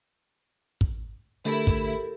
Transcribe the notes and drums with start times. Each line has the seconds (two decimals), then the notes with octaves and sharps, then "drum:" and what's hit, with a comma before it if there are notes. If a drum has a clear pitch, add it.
0.81 drum: kick
1.45 D3 A3 E4 G4 A4 A#4
1.67 drum: kick